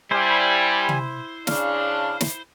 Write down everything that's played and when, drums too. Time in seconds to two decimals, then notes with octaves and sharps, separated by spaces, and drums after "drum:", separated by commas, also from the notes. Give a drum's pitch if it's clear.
0.11 G3 E4 C5 G#5
0.89 drum: tom C3
1.47 C#3 D4 F5, drum: snare
2.21 drum: snare